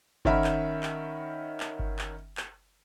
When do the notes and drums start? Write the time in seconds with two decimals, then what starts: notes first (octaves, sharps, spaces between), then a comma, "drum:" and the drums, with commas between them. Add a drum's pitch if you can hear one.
0.25 D#3 C#4 A#4 E5 F#5 B5, drum: kick G1
0.44 drum: clap
0.83 drum: clap
1.60 drum: clap
1.79 drum: kick G1
1.99 drum: clap
2.37 drum: clap